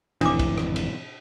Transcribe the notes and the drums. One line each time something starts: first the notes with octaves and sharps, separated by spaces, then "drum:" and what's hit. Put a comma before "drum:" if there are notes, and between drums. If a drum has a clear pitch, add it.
G#1 F2 A2 C3 E3 D4 D6 D#6, drum: cymbal
drum: kick, cymbal
drum: rim click
drum: cymbal